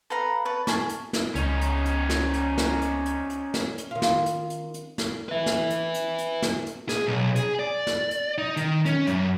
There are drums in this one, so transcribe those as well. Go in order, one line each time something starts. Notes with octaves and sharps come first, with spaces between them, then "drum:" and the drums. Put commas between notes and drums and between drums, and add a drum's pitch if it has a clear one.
A4 B4 F5 A#5
B4 C#5 A5
G#4 A5 C#6, drum: snare
drum: hi-hat
drum: snare
C#2 C#4 D#4, drum: hi-hat
drum: hi-hat
drum: hi-hat
drum: snare
drum: hi-hat
drum: snare
drum: hi-hat
drum: hi-hat
drum: hi-hat
drum: snare
drum: hi-hat
D#3 F4
drum: snare
drum: hi-hat
drum: hi-hat
drum: hi-hat
drum: snare
B4 E5
drum: snare
drum: hi-hat
drum: hi-hat
drum: hi-hat
drum: snare
drum: hi-hat
G#4, drum: snare
B1
G#4, drum: hi-hat
D5
drum: snare
drum: hi-hat
D#4
D#3, drum: hi-hat
C#4, drum: hi-hat
F#2, drum: hi-hat